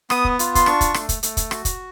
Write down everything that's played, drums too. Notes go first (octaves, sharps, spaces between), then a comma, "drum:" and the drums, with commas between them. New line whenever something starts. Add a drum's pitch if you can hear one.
B3 D#6, drum: rim click
drum: kick
F4, drum: hi-hat
C6, drum: kick, hi-hat
D4 C#6, drum: rim click
drum: kick, hi-hat
A3, drum: rim click
drum: kick, hi-hat
A3, drum: hi-hat
drum: kick, hi-hat
F#4, drum: rim click
drum: kick, hi-hat